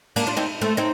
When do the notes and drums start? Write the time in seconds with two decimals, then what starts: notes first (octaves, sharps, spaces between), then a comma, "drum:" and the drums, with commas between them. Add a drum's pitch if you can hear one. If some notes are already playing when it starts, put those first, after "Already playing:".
0.16 A#3 D4, drum: cymbal
0.27 D4 F4
0.37 C4 D#4
0.61 A3 C4
0.77 C4 D#4